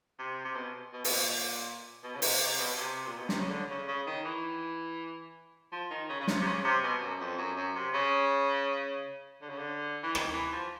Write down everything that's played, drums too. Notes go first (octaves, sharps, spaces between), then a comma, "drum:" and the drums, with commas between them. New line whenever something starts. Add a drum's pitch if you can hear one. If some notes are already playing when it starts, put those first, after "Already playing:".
C3
C3
B2
B2
B2, drum: open hi-hat
A#2
B2
C#3
C3, drum: open hi-hat
C3
B2
C3
A#2
B2
C3, drum: snare
C#3
D3
C#3
C#3
D#3
E3
F3
D#3
C#3
C#3
C3, drum: snare
C3
C#3
C3
B2
F#2
F2
F#2
F#2
C3
C#3
D3
C#3
D3
E3
D#3, drum: rim click
E3
F3